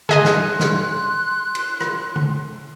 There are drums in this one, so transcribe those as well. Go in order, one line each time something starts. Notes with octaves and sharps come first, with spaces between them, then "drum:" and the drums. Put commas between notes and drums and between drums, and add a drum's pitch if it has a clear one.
G#4 D#5 G#5 C6 F#6, drum: tom
drum: snare
drum: snare
drum: cymbal
drum: rim click
drum: tom